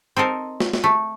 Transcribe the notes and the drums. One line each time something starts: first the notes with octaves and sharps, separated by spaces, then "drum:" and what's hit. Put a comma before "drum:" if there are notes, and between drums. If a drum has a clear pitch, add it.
C4 D#4 A4 A#4
drum: snare
drum: snare
A3